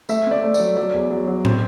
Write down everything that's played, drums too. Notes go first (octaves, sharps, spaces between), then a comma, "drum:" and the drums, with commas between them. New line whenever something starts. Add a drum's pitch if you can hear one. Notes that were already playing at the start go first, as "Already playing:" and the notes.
A3 E5, drum: tambourine
C4 D5
A3
D5, drum: tambourine
F#3
F#3 D5
E2
F#3
F#3
C4, drum: tom